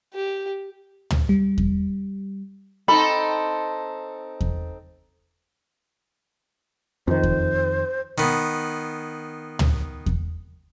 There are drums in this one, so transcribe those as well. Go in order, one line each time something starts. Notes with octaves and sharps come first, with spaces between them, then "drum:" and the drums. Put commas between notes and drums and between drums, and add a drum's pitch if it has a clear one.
G4
drum: tom
G3
drum: kick E2
C4 D#4 A4 B5
drum: kick E2
F2 D#3 C5
drum: kick E2
D#3 B3
drum: tom
drum: kick E2